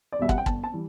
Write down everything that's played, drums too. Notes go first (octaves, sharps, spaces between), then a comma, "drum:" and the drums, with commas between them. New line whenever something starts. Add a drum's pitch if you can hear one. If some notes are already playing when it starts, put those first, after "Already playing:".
D5
E2 B2 G3 E5
F#5, drum: kick
G5
G1 A5, drum: kick
A5
E3 G3